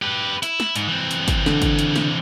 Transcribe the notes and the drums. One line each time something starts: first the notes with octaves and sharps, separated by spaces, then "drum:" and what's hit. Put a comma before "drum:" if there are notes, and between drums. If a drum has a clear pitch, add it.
G4 B4
E4, drum: hi-hat
drum: snare
G#2, drum: hi-hat
E3 C4
drum: hi-hat
drum: kick, hi-hat
D3, drum: snare
drum: kick, hi-hat
drum: hi-hat
drum: snare